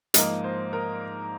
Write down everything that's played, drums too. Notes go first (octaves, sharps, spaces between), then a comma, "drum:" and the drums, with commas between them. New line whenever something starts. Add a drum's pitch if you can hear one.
G#2 F3 A#3 D#5, drum: hi-hat
C5
A#4